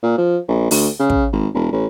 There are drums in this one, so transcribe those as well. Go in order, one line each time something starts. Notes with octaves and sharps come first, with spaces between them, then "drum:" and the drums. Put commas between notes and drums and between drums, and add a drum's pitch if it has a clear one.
A#2
F3
A#1
D2, drum: open hi-hat
C#3
drum: kick
G#1
E1
A1